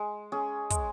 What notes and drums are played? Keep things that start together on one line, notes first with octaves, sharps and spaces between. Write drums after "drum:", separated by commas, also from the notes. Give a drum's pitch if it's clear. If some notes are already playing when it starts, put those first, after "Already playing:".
Already playing: G#3
C#4 G#4
G#3, drum: kick, hi-hat